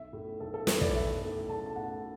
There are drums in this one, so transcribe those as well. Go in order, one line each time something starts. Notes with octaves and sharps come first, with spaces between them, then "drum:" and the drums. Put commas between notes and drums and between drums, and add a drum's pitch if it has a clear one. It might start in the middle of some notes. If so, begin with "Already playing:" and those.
Already playing: B1 E5
A2 A3
B1 A4
A4
A2 A3 B4, drum: snare
D5, drum: kick
B1 E5
A2 A3
B1 A5
A5
A2 A3 F#5